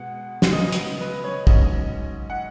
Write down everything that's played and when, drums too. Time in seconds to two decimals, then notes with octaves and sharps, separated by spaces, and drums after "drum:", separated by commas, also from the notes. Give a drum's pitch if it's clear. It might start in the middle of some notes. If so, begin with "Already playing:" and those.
Already playing: B2 G#3 B3 F#5
0.42 drum: snare
0.52 C#2 C#3 F#3 B3 D#5
0.72 drum: hi-hat
1.01 B4
1.24 C#5
1.47 G#2 F#3 C#4 D#5, drum: kick
2.30 F#5